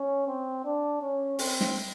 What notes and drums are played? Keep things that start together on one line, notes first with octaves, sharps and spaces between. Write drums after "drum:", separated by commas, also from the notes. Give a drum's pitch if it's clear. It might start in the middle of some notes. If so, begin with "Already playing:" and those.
Already playing: C#4
C4
D4
C#4
C4, drum: open hi-hat
drum: snare